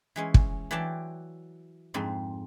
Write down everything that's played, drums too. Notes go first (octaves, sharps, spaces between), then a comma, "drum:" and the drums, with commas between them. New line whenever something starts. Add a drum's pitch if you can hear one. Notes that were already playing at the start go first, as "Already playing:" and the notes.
E3 G#3 C#4
drum: kick
E3 F#3 D5 G5 A5 C6
F2 G#2 C4 C6